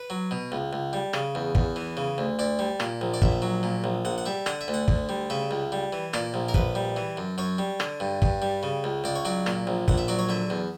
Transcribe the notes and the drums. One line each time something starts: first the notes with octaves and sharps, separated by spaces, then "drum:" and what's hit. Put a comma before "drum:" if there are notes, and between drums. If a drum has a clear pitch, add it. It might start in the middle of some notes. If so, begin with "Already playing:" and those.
Already playing: B4
F#3
B2
C#2
C#2
G3
C#3, drum: rim click
E2
E2, drum: kick
E3
C#3
D2
D2 D5
G3
A#2, drum: rim click
A#1
D5
A#1 E5, drum: kick
F#3
A#2
A#1
A#1 F#5
F#5
G3 E5
D3 F#5, drum: rim click
E5
D2
F#5
D2, drum: kick
G3
C#3 E5
C#2
G3
E3
A#2 D5, drum: rim click
A#1
A#4
A#1 B4, drum: kick
G3
E3
F#2
F#2 C#5
G3
D3, drum: rim click
G2
G2, drum: kick
G3
C#3
C#2
C#2 D5
C#5
F#3 D5
A#2, drum: rim click
A#1
A#1 F#5, drum: kick
E5
F#3 D5
C#5
D3 E5
E2